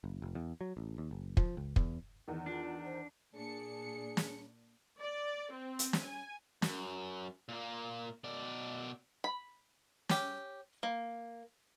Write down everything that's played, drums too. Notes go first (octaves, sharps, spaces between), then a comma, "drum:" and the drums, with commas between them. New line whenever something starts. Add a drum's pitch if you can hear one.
F#1
F1
E2
F#3
A1
D#2
F#1
F3, drum: kick
C#2
E2, drum: kick
E2 D#3 D#4
D4 F4
C5
A#2 D4 G#4 C#7
drum: snare
D5
C4
drum: hi-hat
drum: snare
G#5
F#2, drum: snare
A#2 A#3
B2 D5
B5
C#4 G4, drum: snare
A#3